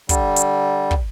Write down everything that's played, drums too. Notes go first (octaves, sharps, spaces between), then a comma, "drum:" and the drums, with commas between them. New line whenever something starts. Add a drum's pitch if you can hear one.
D3 G3, drum: kick, hi-hat
drum: hi-hat
drum: kick